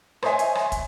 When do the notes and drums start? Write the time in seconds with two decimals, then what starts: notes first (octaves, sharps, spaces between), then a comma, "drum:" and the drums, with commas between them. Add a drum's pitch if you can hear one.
0.22 C5 C#5 D#5 E5 G#5, drum: rim click
0.39 drum: hi-hat
0.55 drum: rim click
0.72 drum: kick, hi-hat